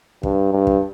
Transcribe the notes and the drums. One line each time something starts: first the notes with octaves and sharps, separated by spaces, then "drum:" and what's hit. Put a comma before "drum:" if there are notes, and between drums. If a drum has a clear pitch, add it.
G2, drum: kick
G2
drum: kick